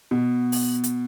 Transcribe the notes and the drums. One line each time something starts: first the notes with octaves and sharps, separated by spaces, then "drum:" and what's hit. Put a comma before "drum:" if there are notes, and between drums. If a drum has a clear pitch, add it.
B2
drum: open hi-hat
drum: hi-hat